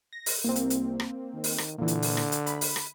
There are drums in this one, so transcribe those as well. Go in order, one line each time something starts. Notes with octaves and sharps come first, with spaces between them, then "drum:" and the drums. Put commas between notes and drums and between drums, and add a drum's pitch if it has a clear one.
A#6
drum: open hi-hat
C2 A#3 C4
drum: hi-hat
drum: hi-hat
drum: rim click
D#3
drum: open hi-hat
drum: rim click
A#2 D3 E3
drum: hi-hat
drum: open hi-hat
drum: rim click
drum: hi-hat
B5, drum: hi-hat
drum: open hi-hat
drum: rim click